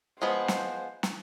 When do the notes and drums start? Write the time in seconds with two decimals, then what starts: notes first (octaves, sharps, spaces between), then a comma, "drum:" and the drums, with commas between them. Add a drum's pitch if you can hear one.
0.21 F3 G#3 B3 C5
0.48 drum: snare
1.03 drum: snare